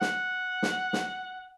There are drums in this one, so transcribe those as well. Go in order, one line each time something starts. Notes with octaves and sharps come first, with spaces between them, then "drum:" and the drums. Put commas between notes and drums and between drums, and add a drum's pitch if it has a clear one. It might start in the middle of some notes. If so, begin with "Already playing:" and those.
F#5, drum: snare
drum: snare
drum: snare